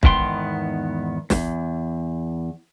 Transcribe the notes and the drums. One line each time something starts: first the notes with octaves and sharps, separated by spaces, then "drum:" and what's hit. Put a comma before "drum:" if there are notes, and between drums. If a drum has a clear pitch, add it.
E2 G#2 D#3 B3 G5 C6, drum: kick
E2, drum: snare